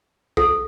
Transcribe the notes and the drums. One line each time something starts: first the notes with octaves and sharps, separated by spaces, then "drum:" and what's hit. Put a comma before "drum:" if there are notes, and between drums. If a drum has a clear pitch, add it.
A4, drum: kick B1